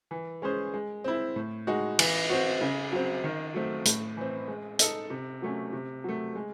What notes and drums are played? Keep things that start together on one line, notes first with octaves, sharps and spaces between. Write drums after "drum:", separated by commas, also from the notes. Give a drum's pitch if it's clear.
E3
G#3 C#4 G#4 C5
G#3
C4 E4
A2
G#3 D#4 F#4
E3, drum: cymbal
C4 F#4
C#3
F#3 C4
D#3
F#3 A3 C4
A2, drum: hi-hat
E3 C4
G#3
D#4 A4 D#5, drum: hi-hat
C3
F#3 A3 C#4
C3
F#3 A3
G#3